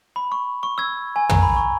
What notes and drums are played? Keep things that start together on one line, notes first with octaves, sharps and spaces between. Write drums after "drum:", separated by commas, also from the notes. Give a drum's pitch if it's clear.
B5
C#6
C#6
E6 G#6
G#5
A#5, drum: tom
B5
C#6